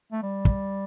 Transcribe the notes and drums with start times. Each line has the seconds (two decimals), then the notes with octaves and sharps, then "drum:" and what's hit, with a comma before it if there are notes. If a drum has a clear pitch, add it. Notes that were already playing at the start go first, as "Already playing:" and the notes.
0.12 A3
0.23 G3
0.45 drum: kick